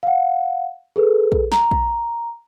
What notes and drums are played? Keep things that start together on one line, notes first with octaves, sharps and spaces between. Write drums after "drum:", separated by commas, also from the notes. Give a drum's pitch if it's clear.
F5 F#5
G#4 A4 B4
drum: kick A#1
A#5, drum: snare
drum: kick A#1